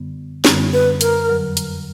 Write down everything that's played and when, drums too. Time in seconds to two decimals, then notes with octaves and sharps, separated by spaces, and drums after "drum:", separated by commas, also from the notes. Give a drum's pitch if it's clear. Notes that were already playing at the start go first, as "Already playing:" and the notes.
Already playing: F#2 D3 G3 B3
0.45 F#2 D3 G3 B3, drum: snare
0.73 B4
1.01 A#4, drum: hi-hat
1.29 F2 D3 F#3
1.57 drum: hi-hat